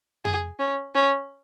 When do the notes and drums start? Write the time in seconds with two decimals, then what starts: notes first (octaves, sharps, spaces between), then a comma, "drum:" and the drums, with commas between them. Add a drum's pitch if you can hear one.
0.25 G#4, drum: tom F2
0.60 C#4
0.95 C#4